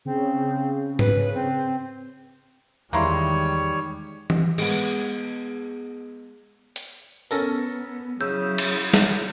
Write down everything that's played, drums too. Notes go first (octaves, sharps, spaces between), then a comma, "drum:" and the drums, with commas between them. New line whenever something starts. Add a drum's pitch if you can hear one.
C#3 C4
B4, drum: tom G#2
C4
E2 D#3 G3 G#3 A#3 E4 C#5 C6
drum: tom E3
G#3 B3, drum: cymbal
drum: hi-hat
B3 C#4 A4 A#4, drum: tambourine
C#3 F#3 E4 E6 G6
drum: cymbal
drum: snare